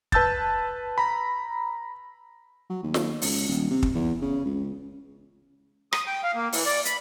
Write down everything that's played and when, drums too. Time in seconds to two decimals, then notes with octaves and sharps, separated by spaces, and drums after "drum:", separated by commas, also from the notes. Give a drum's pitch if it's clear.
0.12 B4 A5 E6 G6 A6, drum: kick
0.98 A#5 B5
2.70 F#3
2.83 D#2
2.94 drum: snare
3.22 C#2, drum: open hi-hat
3.49 D#1
3.71 C3
3.83 drum: kick
3.95 E2
4.21 C#3
4.45 C#2
5.93 D#6, drum: rim click
6.07 G5
6.23 F5
6.35 A#3
6.53 E3, drum: open hi-hat
6.65 D5
6.85 B5, drum: hi-hat